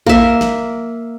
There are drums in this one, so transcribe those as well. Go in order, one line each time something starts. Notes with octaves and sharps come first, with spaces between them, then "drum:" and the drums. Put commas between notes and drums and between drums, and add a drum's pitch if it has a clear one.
A#3 E5, drum: kick
drum: snare